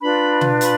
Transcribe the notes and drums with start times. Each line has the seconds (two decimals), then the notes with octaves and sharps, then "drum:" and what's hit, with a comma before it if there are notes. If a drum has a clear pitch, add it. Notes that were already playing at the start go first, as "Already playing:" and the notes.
0.01 D4 F4 B4 B5
0.41 drum: tom B2
0.61 B5, drum: hi-hat